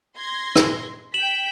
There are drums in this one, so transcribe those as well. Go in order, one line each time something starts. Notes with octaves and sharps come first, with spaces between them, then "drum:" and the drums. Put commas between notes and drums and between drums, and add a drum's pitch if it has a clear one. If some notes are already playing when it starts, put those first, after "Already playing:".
C6 G#6 A#6
drum: rim click
G5 B6 E7 F#7